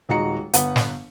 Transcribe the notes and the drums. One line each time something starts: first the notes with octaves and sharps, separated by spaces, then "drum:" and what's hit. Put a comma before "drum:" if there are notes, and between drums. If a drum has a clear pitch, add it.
D#1 G#3 D#4 F#4 A#5 C#7
G1 B3 B4 F#5, drum: hi-hat
drum: snare